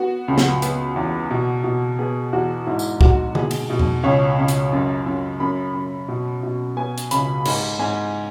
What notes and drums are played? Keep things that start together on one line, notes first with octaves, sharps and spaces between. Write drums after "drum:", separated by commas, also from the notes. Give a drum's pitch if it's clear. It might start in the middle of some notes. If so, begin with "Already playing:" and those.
Already playing: B3 F#4
C#2
drum: snare
B3, drum: hi-hat
E2
B2
B2
B3 G#4
E2 F#4
G#2 E4
drum: tambourine
G#2 F#4, drum: kick
B2 G#4, drum: tom D3
drum: cymbal
B2
drum: tom E2
C#2 C#5
C#2
drum: hi-hat
F#2
F#2
F#2 B5
F#2
B2
B2
B3 G#5
drum: hi-hat
C#2 B5, drum: hi-hat
G#2, drum: cymbal
G#2 G#5